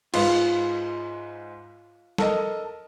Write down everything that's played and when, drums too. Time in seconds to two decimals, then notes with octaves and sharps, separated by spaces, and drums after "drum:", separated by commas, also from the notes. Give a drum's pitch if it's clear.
0.14 G#2 F4 B4, drum: cymbal
2.18 A4 A#4 D#5, drum: snare